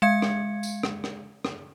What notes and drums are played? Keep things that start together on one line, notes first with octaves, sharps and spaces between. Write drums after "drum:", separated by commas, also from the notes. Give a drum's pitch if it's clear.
G#3 F5 G#6 C#7
drum: rim click
drum: tambourine
drum: rim click
drum: rim click
drum: rim click